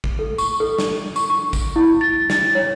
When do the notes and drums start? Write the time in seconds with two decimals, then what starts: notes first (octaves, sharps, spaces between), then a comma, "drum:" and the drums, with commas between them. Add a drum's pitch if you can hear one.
0.04 drum: kick A1
0.19 A4
0.38 C#6, drum: tambourine
0.60 A4
0.79 drum: snare
1.16 C#6, drum: tambourine
1.30 C#6
1.53 drum: kick A1, tambourine
1.76 E4
2.01 A6
2.30 A6, drum: snare
2.55 C#5